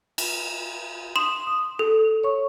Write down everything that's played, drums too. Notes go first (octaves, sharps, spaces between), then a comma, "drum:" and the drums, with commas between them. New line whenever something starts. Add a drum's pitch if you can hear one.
drum: cymbal
C6 D#6 E7
D#6
A4
C#5 C#6